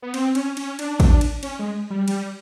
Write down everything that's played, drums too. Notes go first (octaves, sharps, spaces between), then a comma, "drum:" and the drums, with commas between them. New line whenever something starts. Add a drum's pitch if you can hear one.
B3
C4, drum: cymbal
C#4, drum: cymbal
C#4, drum: cymbal
D4, drum: cymbal
drum: kick, cymbal
drum: cymbal
C#4, drum: cymbal
G#3
G3
G3, drum: cymbal